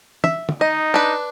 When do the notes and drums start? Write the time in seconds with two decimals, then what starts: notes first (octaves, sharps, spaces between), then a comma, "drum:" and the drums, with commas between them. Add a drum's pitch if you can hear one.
0.24 E5, drum: tom
0.49 drum: tom
0.61 D#4 D#5
0.94 D4 B4